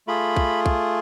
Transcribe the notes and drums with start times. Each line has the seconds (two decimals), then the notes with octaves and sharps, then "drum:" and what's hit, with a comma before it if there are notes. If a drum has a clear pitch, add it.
0.07 A3 F4 G#4 B5
0.36 drum: kick
0.66 drum: kick